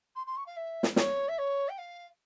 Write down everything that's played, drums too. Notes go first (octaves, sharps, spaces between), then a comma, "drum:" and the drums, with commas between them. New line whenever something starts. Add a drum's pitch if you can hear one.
C6
C6
C#6
F5
E5
drum: snare
C#5, drum: snare
E5
C#5
G5
F5